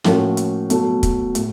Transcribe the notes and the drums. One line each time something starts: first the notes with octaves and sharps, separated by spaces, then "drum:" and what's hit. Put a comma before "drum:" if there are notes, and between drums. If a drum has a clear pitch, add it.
A2 F3 A#3 C#4 F#4, drum: snare
drum: hi-hat
B2 F#3 A3, drum: hi-hat
drum: kick, hi-hat
A2, drum: hi-hat